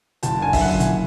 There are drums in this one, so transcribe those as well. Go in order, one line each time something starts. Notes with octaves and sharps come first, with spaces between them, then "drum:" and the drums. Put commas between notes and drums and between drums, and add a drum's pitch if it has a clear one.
F#1 A5, drum: hi-hat
D3 G#5
E5, drum: kick A1, open hi-hat
F#2 F#5
F#1, drum: hi-hat